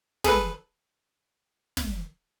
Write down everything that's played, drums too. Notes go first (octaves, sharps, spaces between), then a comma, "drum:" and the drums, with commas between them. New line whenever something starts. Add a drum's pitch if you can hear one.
G#4 A4 B4, drum: snare
drum: snare